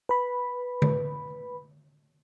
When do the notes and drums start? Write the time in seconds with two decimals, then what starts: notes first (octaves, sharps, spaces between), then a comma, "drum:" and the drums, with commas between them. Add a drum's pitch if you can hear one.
0.09 B4 B5
0.82 drum: tom D3